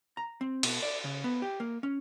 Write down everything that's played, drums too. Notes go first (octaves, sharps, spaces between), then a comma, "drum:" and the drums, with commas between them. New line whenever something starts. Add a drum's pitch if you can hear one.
A#5
C4
B2, drum: cymbal
D5
C#3
B3
G4
A#3
C#4